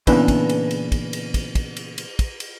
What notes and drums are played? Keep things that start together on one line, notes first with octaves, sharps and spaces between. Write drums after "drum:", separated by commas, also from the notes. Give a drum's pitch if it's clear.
A#2 C#3 E3 B3 D4, drum: kick, cymbal
drum: kick, cymbal
drum: cymbal
drum: cymbal
drum: kick, cymbal
drum: cymbal
drum: kick, cymbal
drum: kick, cymbal
drum: cymbal
drum: cymbal
drum: kick, cymbal
drum: cymbal